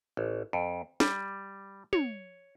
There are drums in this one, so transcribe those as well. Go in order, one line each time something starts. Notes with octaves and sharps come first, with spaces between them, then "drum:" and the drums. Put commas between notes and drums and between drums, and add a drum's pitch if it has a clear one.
A1
F2
G3, drum: snare
C#5, drum: tom